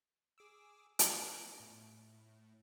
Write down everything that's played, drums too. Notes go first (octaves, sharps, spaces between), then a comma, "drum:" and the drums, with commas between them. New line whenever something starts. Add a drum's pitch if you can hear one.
G#4 D6 E6
B3, drum: hi-hat
A2